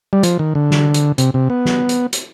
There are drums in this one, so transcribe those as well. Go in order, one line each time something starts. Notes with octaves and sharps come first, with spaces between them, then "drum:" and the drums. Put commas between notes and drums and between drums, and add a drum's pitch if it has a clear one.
G3
F3, drum: hi-hat
D#3
D3
drum: snare
drum: hi-hat
C3, drum: hi-hat
C3
B3
drum: snare
drum: hi-hat
drum: hi-hat